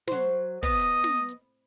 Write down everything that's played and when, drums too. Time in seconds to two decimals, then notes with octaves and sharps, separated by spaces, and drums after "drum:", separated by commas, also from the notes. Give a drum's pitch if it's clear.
0.08 F#3 C5, drum: snare
0.63 B3 D#5, drum: kick
0.80 drum: hi-hat
1.04 drum: snare
1.29 drum: hi-hat